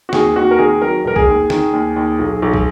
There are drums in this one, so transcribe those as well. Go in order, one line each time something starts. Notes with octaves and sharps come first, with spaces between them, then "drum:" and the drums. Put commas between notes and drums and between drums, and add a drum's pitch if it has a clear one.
F#4
D#2 G#4, drum: snare
D#2 F#4
A#4
D#3 G#4
F#3 A#4
E1 A#4
G#4, drum: kick
D#2
D#3, drum: snare
D#2
D#2
B1
B1
drum: kick